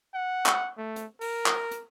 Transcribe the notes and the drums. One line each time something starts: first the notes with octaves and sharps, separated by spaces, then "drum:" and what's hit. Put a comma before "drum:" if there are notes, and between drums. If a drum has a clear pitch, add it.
F#5
drum: clap
A3
drum: hi-hat
A#4, drum: open hi-hat
drum: clap
drum: hi-hat